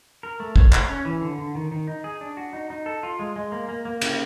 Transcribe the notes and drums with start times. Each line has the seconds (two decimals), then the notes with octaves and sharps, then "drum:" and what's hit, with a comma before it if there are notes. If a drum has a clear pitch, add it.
0.23 A#4
0.40 A3
0.56 C#5, drum: kick
0.73 C#5, drum: clap
0.89 C#4
1.05 E3
1.21 D3
1.38 D3
1.55 D#3
1.72 D#3
1.87 D#4
2.04 G#4
2.21 D4
2.37 F#4
2.53 D#4
2.70 D#4
2.86 A4
3.03 F4
3.19 G#3
3.36 G#3
3.52 A#3
3.69 A#3
3.85 A#3
4.01 C#3, drum: cymbal